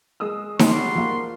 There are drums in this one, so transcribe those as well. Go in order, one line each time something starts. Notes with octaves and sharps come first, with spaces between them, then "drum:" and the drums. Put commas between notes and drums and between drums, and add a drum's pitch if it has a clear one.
G#3 D#6 E6
G3 F#4 C6, drum: snare D#4
F3 A#3